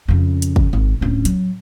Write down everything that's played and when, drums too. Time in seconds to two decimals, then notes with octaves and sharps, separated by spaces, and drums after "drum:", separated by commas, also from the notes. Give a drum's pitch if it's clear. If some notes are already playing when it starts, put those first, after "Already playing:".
0.08 F2 C#3
0.42 drum: hi-hat
0.56 drum: kick
0.73 G#1
1.01 D1 C#4
1.25 F#3, drum: hi-hat